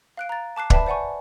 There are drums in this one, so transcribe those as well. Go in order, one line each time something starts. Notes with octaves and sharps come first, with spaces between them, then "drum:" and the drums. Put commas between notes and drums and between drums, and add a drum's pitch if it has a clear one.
F5 F#6 D7
A#5 A6
A5 D6 F#6 C7
B4 D5 E5 G5 A5 B5, drum: kick
C5 D5 F#5 G#5 C#6